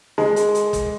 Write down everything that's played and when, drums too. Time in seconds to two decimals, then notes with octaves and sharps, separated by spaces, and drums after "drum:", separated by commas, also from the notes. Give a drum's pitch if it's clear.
0.18 G#3, drum: snare
0.36 drum: hi-hat
0.55 drum: hi-hat
0.73 drum: kick, hi-hat